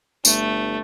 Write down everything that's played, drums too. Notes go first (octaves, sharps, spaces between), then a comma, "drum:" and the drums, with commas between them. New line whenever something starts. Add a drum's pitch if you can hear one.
G1 A3, drum: tambourine